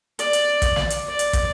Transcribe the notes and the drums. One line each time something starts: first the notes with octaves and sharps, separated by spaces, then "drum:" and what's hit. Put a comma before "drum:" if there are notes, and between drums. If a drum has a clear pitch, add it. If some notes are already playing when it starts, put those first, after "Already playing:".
D5, drum: hi-hat
drum: hi-hat
drum: kick, hi-hat
drum: snare
drum: hi-hat
D5
drum: hi-hat
drum: kick, hi-hat